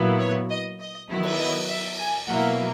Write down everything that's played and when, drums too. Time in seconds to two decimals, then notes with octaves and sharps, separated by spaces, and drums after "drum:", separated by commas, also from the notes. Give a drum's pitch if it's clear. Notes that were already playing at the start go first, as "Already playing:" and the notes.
Already playing: A#2 F#3 B3 E4
0.20 C#5
0.50 D#5
0.80 D#5
1.09 D#3 F#3 B3 E4
1.23 drum: cymbal
1.39 D#5
1.69 E5
1.99 G#5
2.28 B2 F#3 A#3 E4 F#5